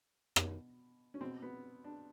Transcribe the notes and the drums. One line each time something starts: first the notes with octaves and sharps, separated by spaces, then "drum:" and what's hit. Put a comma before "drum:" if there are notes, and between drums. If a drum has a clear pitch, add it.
B2, drum: rim click
C#4
B2 C4
B3
D4